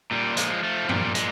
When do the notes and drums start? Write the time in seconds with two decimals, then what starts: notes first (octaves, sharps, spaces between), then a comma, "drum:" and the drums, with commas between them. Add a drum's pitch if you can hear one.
0.11 A#2 G3
0.37 F3 G#3, drum: hi-hat
0.63 F3 A3
0.89 A#2 G3, drum: tom
1.15 A#2 G#3, drum: hi-hat